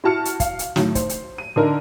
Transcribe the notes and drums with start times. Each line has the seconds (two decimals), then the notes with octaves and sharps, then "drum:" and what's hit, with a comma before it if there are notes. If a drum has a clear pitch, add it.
0.04 E4 F#4 A5 F6 C#7
0.25 drum: hi-hat
0.40 F5, drum: kick, hi-hat
0.59 drum: hi-hat
0.76 A2 D#3 F#3, drum: snare
0.95 C5, drum: kick, hi-hat
1.09 drum: hi-hat
1.38 D#7
1.56 D3 D#4 A#4